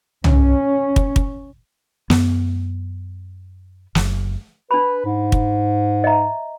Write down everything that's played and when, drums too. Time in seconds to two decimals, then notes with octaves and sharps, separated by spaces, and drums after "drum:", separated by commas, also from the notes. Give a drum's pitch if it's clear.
0.24 C#4, drum: tom C2
0.96 drum: kick
1.16 drum: kick
2.10 F#2 B3, drum: snare
3.95 F#1, drum: snare
4.71 D4 B4 B5
5.05 G#2
5.32 drum: kick
6.04 D#5 E5 A#5